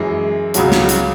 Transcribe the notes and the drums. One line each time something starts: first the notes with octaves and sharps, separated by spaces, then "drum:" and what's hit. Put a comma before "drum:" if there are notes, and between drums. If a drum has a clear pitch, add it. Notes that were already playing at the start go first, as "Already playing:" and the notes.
Already playing: F#2 E3 G#3
C#2 C#3 F#3 C#4, drum: hi-hat
drum: snare
drum: hi-hat